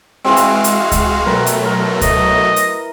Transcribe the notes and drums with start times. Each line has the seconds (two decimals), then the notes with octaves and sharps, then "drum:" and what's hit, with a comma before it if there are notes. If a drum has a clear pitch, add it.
0.25 E3 G#3 C4 F#4 F5
0.37 drum: hi-hat
0.64 drum: hi-hat
0.92 drum: kick C#2, hi-hat
1.26 B2 F#3 A3 A#4 B4
1.46 drum: hi-hat
1.65 A#4
2.01 D#5, drum: kick C#2, hi-hat
2.56 drum: hi-hat